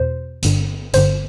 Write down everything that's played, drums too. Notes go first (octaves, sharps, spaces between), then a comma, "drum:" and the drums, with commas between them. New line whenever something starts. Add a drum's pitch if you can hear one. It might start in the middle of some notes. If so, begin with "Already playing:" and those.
Already playing: E2 B2 C5
G1 G2 D3, drum: hi-hat
G1 G2 D3 C5, drum: hi-hat